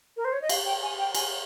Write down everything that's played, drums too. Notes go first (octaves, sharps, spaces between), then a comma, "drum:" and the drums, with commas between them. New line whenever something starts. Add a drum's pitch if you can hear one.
A#4
C5
C#5
D#5
F5, drum: cymbal
G5
G#5
G5
G#5, drum: cymbal